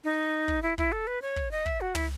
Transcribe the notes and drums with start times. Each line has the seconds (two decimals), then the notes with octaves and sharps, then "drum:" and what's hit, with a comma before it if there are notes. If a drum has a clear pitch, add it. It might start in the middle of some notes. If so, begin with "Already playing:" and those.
0.04 D#4
0.48 drum: kick
0.62 E4
0.78 E4, drum: kick
0.92 A4
1.07 B4
1.22 C#5
1.36 drum: kick
1.51 D#5
1.66 E5, drum: kick
1.81 F#4
1.95 E4, drum: tom